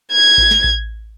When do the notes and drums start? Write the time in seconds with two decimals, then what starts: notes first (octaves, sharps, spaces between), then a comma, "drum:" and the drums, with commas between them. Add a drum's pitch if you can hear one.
0.12 G#6
0.38 drum: kick A1
0.51 drum: snare
0.64 drum: kick A1